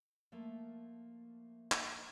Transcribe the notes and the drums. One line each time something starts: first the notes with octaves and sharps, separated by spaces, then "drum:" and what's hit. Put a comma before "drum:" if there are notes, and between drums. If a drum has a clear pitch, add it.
F3 A3 A#3
drum: clap